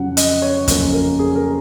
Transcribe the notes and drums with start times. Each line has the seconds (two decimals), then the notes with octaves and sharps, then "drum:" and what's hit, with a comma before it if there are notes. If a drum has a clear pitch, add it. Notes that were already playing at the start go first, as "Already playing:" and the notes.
Already playing: F2 C#3 F#3 C#4 F#5
0.17 D#5, drum: hi-hat
0.42 C#5
0.68 F2 C#3 F#3 A#3 C#4 C5, drum: kick, hi-hat
0.93 A#4
1.19 G#4
1.35 A#4